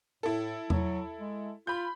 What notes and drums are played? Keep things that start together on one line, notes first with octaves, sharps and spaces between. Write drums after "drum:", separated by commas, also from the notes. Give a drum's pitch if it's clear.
A2 E4 A4
F#3, drum: tom E2
G#3
F4 B5 G6